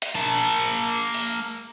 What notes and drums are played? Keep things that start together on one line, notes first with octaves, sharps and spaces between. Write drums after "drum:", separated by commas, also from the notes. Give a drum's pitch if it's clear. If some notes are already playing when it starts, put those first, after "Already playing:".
drum: hi-hat
A#3 A5
drum: open hi-hat